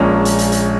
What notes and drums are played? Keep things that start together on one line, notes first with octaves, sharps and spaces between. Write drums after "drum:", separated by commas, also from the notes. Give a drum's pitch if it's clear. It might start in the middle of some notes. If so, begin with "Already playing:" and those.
Already playing: A#1 A#2 G#3 C#4
drum: hi-hat
drum: hi-hat
drum: hi-hat